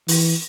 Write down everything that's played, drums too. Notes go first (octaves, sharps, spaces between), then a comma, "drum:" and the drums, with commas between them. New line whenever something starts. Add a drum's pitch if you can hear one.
E3, drum: open hi-hat